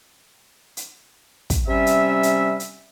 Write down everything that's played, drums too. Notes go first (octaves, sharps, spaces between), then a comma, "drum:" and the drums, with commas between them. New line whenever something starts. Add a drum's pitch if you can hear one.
drum: hi-hat
drum: kick, hi-hat
C3 G3 C#4 E5
drum: hi-hat
drum: hi-hat
drum: hi-hat